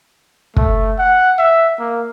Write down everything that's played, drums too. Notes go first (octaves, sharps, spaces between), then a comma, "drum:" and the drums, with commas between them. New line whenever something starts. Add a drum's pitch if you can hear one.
A3, drum: kick
F#5
E5
A#3